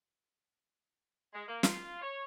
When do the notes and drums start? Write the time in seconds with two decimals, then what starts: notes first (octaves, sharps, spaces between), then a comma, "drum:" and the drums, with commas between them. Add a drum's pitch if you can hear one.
1.34 G#3
1.48 A#3
1.63 F4, drum: snare
2.01 C#5